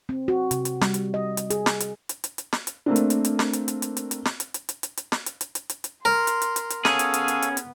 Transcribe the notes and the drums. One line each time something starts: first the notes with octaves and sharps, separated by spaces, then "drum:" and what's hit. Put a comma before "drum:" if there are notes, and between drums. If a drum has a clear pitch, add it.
C4
F#4
C3, drum: hi-hat
drum: hi-hat
G3, drum: snare
drum: hi-hat
D#5
drum: hi-hat
G#4, drum: hi-hat
drum: snare
drum: hi-hat
drum: hi-hat
drum: hi-hat
drum: hi-hat
drum: snare
drum: hi-hat
A3 A#3 C4 D4
drum: hi-hat
drum: hi-hat
drum: hi-hat
drum: snare
drum: hi-hat
drum: hi-hat
drum: hi-hat
drum: hi-hat
drum: hi-hat
drum: snare
drum: hi-hat
drum: hi-hat
drum: hi-hat
drum: hi-hat
drum: hi-hat
drum: snare
drum: hi-hat
drum: hi-hat
drum: hi-hat
drum: hi-hat
drum: hi-hat
A#4 C6
drum: hi-hat
drum: hi-hat
drum: hi-hat
drum: hi-hat
B3 C#4 G#4 A4 C#5 F5, drum: snare
drum: hi-hat
drum: hi-hat
drum: hi-hat
drum: hi-hat
drum: hi-hat